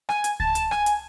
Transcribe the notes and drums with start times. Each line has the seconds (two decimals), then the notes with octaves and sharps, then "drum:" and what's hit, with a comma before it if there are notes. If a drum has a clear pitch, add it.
0.09 G#5, drum: rim click
0.24 drum: hi-hat
0.40 A5, drum: kick C#2
0.55 drum: hi-hat
0.71 G#5, drum: rim click
0.86 drum: hi-hat